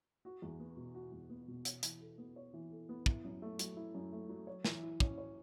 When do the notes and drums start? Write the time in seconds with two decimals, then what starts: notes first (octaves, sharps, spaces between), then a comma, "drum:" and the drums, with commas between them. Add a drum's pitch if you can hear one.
0.25 F#4
0.42 E2
0.60 B3
0.77 B2
0.95 F#4
1.12 E2
1.30 B3
1.48 B2
1.65 C#5, drum: hi-hat
1.83 E3, drum: hi-hat
2.01 A4
2.18 B3
2.36 C#5
2.54 E3
2.71 A4
2.89 B3
3.06 E4, drum: kick
3.25 F#2
3.42 A3
3.59 F#3, drum: hi-hat
3.77 E4
3.95 F#2
4.13 A3
4.29 F#3
4.47 C#5
4.65 E3, drum: snare
4.83 E4
5.00 C#4, drum: kick
5.18 C#5